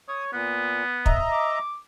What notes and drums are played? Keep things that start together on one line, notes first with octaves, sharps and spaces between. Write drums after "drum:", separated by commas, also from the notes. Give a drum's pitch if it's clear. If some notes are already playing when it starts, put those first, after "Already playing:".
C#5 D#6
A#2 B3
D#5 E5 A#5, drum: kick
D6